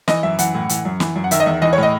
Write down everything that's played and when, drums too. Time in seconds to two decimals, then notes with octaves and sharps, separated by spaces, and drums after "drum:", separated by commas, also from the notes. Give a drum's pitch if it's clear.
0.08 E3 D#5, drum: snare
0.23 F#2 E5
0.39 E3 F#5, drum: hi-hat
0.54 A2
0.69 E3, drum: hi-hat
0.85 F#2
1.00 E3, drum: snare
1.16 F#2
1.24 F#5
1.31 D#3 E5, drum: hi-hat
1.40 D#5
1.46 E2 E5
1.62 E3 D#5
1.73 C#5
1.78 A2
1.83 D#5